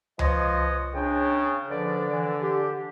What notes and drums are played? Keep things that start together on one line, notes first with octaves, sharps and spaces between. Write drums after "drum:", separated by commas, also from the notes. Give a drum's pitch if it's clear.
F3 B4 C#5 D#5, drum: tom C#2
C#3 D4 G5
D3 F3 B4 D5
E3
G4